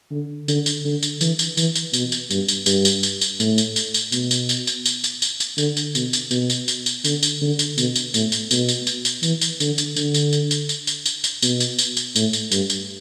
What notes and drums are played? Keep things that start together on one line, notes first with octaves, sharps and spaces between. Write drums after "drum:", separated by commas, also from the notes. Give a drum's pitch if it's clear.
D3
D3, drum: tambourine
drum: tambourine
D3
drum: tambourine
E3, drum: tambourine
drum: tambourine
E3, drum: tambourine
drum: tambourine
B2, drum: tambourine
drum: tambourine
G2, drum: tambourine
drum: tambourine
G2, drum: tambourine
drum: tambourine
drum: tambourine
drum: tambourine
A2, drum: tambourine
drum: tambourine
drum: tambourine
drum: tambourine
B2, drum: tambourine
drum: tambourine
drum: tambourine
drum: tambourine
drum: tambourine
drum: tambourine
drum: tambourine
drum: tambourine
D3, drum: tambourine
drum: tambourine
B2, drum: tambourine
drum: tambourine
B2, drum: tambourine
drum: tambourine
drum: tambourine
drum: tambourine
D3, drum: tambourine
drum: tambourine
D3
drum: tambourine
B2, drum: tambourine
drum: tambourine
A2, drum: tambourine
drum: tambourine
B2, drum: tambourine
drum: tambourine
drum: tambourine
drum: tambourine
E3, drum: tambourine
drum: tambourine
D3, drum: tambourine
drum: tambourine
D3, drum: tambourine
drum: tambourine
drum: tambourine
drum: tambourine
drum: tambourine
drum: tambourine
drum: tambourine
drum: tambourine
B2, drum: tambourine
drum: tambourine
drum: tambourine
drum: tambourine
A2, drum: tambourine
drum: tambourine
G2, drum: tambourine
drum: tambourine